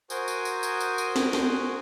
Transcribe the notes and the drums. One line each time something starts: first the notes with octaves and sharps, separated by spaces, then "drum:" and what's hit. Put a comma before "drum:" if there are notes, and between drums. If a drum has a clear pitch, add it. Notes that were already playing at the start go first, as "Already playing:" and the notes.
F#4 A#4 C5 G#5 D#6 G6, drum: tambourine
drum: tambourine
drum: tambourine
drum: tambourine
drum: tambourine
drum: tambourine
drum: snare
drum: snare